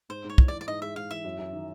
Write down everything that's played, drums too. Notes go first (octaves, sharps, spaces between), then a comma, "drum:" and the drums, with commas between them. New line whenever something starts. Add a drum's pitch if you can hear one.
G#2 C5
G#2
C#5
E3, drum: kick
D5
E3
D5
G#2 D#5
G#3 E5
G#2 F5
E3 E5
F#2
F#2
D#3